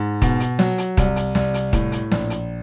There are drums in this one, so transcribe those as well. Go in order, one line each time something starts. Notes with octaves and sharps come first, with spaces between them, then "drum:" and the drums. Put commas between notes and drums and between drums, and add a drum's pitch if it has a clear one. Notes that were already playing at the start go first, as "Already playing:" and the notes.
Already playing: G#2
B2, drum: kick, hi-hat
drum: hi-hat
F#3, drum: snare
drum: hi-hat
C2, drum: kick, hi-hat
drum: hi-hat
C2, drum: snare
drum: hi-hat
A2, drum: kick, hi-hat
drum: hi-hat
A#1, drum: snare
drum: hi-hat